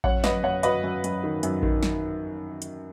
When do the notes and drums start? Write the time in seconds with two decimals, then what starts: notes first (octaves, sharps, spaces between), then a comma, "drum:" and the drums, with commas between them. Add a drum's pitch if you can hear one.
0.04 F#2 C#5 F#5, drum: kick A1
0.24 F#2 B4 D#5, drum: snare
0.43 F#2 C#5 F#5
0.63 F#3 B4 D#5, drum: hi-hat
0.84 F#2
1.04 F#2, drum: hi-hat
1.24 D#3
1.43 F#2, drum: hi-hat
1.63 D#3, drum: kick A1
1.83 drum: snare
2.62 drum: hi-hat